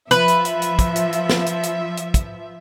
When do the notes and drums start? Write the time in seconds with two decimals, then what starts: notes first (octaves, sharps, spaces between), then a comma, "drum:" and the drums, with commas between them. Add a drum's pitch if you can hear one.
0.11 F3 B4 E5, drum: hi-hat
0.28 drum: hi-hat
0.45 drum: hi-hat
0.62 drum: hi-hat
0.79 drum: kick, hi-hat
0.96 drum: hi-hat
1.13 drum: hi-hat
1.30 drum: snare
1.46 drum: hi-hat
1.63 drum: hi-hat
1.97 drum: hi-hat
2.14 drum: kick, hi-hat